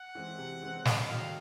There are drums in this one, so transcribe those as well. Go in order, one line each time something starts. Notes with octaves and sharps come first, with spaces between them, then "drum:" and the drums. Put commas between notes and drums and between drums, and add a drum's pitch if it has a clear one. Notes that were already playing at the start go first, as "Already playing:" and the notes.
Already playing: F#5
E3 G#3 C4
C3
E3 G#3 C4
G2 F5, drum: snare
D#3 F#3 A3